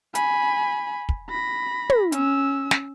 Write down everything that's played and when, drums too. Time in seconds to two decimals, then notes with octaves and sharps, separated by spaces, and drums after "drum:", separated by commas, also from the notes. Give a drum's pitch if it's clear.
0.15 G#5 B5, drum: hi-hat
1.09 drum: kick
1.30 B5 A#6
1.90 drum: tom
2.12 C#4 E6, drum: hi-hat
2.71 drum: snare